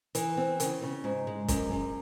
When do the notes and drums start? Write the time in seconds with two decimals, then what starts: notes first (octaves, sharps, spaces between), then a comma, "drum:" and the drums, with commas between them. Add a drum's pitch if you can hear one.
0.15 E3, drum: hi-hat
0.37 C4
0.60 C#3, drum: hi-hat
0.82 C#3
1.04 G#2
1.27 G#3
1.48 F#2, drum: kick, hi-hat
1.72 F#2